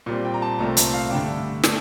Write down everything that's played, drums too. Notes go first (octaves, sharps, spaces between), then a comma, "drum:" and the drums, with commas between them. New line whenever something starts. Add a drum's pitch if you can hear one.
A#2 G3 C4
G5
A#5
A5
C2 A#2 A3 C4 A#5
A5, drum: hi-hat
F5
G2 D3 A3 D4 G5
A3 D4, drum: snare